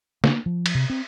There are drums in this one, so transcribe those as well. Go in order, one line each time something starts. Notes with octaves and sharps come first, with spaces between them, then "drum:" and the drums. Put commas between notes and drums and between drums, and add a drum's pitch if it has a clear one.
A#3, drum: snare
F3
drum: cymbal
C3
C4